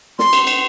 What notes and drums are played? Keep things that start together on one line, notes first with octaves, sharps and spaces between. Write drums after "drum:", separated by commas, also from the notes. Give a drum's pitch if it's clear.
C6, drum: snare
drum: cymbal
drum: cymbal